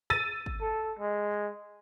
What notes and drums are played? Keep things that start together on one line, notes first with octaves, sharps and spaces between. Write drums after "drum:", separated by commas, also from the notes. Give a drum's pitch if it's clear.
E6 A6 D#7
drum: kick
A4
G#3